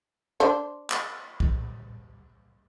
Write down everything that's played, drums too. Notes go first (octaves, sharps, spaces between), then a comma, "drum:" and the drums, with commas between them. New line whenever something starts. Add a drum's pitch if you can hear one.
D4 C5
drum: clap
drum: kick